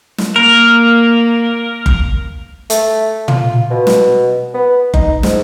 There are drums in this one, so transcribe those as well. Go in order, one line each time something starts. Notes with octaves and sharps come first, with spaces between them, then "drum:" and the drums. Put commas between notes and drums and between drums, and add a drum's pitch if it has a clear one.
drum: snare
A#3 A#4
drum: kick F#1
A3, drum: hi-hat
F4, drum: tom
B2
drum: snare
B3
D#4, drum: kick F#1
G#2, drum: snare